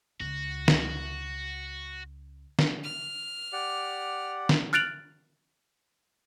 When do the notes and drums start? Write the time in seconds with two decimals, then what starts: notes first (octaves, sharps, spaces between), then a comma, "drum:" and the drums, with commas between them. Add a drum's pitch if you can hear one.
0.20 C#2 F#4
0.68 drum: snare
2.59 drum: snare
2.84 F6
3.53 G4 D5 F#5
4.49 drum: snare
4.73 F6 F#6 A6 D7 F7 F#7